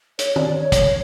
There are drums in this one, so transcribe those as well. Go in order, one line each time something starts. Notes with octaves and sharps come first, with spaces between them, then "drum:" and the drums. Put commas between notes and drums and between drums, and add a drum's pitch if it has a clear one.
C#5, drum: hi-hat
D5, drum: tom
C#5
drum: kick, hi-hat